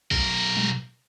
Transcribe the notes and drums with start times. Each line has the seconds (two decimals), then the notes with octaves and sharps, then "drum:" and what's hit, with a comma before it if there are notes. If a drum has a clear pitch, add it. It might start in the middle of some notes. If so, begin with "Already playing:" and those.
0.11 B1 A#4, drum: kick
0.57 drum: tom G3